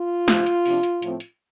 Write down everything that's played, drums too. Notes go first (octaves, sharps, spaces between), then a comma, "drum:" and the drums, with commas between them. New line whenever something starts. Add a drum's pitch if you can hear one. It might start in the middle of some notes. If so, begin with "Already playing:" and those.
Already playing: F4
D2 C3 F3, drum: snare
drum: hi-hat
C3 F3 D4, drum: open hi-hat
drum: hi-hat
A2 F3 A3 C4, drum: hi-hat
drum: hi-hat